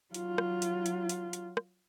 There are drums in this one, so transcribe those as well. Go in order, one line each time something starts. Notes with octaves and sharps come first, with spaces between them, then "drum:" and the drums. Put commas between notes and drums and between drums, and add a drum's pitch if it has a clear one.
F#3 F4, drum: hi-hat
drum: rim click
drum: hi-hat
drum: hi-hat
drum: hi-hat
drum: hi-hat
drum: rim click